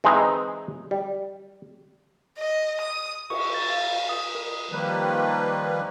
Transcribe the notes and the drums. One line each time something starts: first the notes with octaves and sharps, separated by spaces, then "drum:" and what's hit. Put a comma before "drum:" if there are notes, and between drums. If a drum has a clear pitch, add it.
E3 G#3 C4 D#4
G3
D#5
D#6
C#6, drum: cymbal
A6
F5
D#6
A#4
D#3 F3 G3 A#3 B4